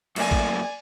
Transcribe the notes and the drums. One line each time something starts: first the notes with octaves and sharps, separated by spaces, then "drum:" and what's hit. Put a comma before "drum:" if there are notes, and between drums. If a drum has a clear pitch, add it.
F#2 A3 A#3 D5 G#5, drum: cymbal
drum: kick A1